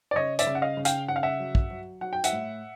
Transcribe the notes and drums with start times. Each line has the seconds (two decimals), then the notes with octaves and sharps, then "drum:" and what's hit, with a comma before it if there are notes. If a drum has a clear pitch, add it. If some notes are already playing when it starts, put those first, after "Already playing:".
0.11 D5
0.15 C#3 C#5 D#5
0.39 D5 E5, drum: hi-hat
0.47 C#3
0.55 F#5
0.62 D#5 F5
0.77 C#3
0.85 F5 G5, drum: hi-hat
1.08 C#3 F#5
1.16 F5
1.23 E5 F#5
1.39 F#3
1.55 drum: kick
1.70 F#3
2.01 F#3 F#5
2.13 G5
2.24 E5 F#5, drum: hi-hat
2.32 A2